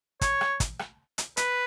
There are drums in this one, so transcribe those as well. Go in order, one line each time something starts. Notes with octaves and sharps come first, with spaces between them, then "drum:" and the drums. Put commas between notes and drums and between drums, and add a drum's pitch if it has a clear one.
C#5, drum: kick, hi-hat
drum: rim click
drum: kick, hi-hat
drum: rim click
drum: hi-hat
B4, drum: hi-hat